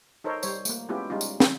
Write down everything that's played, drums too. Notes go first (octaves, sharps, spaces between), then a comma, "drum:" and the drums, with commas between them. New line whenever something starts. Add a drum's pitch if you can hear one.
D#4 A4 A#4 C5 C#5
G3 C5 C#5, drum: tambourine
A3 A#3, drum: tambourine
G#3 B3 C#4 E4 F4 G4
G3 G#3 C#4 D#4 F4
drum: tambourine
drum: snare